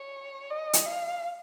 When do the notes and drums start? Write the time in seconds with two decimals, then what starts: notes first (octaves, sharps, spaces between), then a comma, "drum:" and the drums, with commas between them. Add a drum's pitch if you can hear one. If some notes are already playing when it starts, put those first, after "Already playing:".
Already playing: C#5
0.50 D#5
0.73 drum: hi-hat
0.86 F5